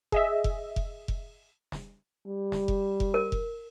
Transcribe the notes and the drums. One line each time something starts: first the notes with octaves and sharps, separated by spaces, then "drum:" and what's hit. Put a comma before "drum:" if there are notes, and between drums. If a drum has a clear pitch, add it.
G#4 D#5 E5, drum: kick F1
drum: kick F1
drum: kick F1
drum: kick F1
drum: snare
G3
drum: snare
drum: kick F1
drum: kick F1
A#4
drum: kick F1